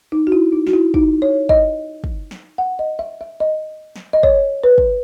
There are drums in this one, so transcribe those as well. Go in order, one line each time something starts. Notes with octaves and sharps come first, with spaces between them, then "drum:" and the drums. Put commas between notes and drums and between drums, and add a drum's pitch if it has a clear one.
D#4
F#4
E4
D#4
F#4, drum: snare
E4
D#4, drum: kick
C#5
D#5, drum: kick
drum: kick
drum: snare
F#5
D#5
E5
E5
D#5
drum: snare
D#5
C#5, drum: kick
B4
drum: kick